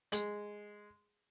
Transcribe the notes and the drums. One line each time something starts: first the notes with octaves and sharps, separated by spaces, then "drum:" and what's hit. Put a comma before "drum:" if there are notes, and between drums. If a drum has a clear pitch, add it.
G#3, drum: hi-hat